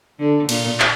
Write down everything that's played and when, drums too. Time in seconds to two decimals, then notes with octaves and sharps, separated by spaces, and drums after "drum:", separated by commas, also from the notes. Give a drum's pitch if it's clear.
0.19 D3
0.49 A#2, drum: cymbal
0.80 drum: clap